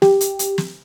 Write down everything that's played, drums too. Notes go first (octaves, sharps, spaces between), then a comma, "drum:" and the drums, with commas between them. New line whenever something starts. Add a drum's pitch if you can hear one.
G4, drum: snare
drum: hi-hat
drum: hi-hat
drum: snare